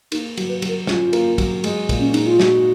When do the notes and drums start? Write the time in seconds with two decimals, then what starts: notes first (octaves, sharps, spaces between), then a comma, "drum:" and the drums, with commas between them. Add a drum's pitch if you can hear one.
0.12 A#3 D#4, drum: cymbal
0.37 F#3, drum: cymbal
0.49 B4
0.62 F#3, drum: cymbal
0.69 A#4
0.87 C#4 F4, drum: snare
1.13 A#3, drum: cymbal
1.38 F#3, drum: kick, cymbal
1.64 G#3, drum: cymbal
1.89 A#2, drum: kick, cymbal
2.00 C#4
2.14 D#4 G#4, drum: cymbal
2.27 F4
2.40 D#4 F#4, drum: snare